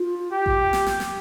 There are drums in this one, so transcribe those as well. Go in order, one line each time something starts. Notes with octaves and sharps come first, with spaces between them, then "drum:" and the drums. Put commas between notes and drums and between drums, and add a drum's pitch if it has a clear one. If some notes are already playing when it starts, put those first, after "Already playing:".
Already playing: F4
G4
drum: kick A1
drum: snare
drum: snare
drum: snare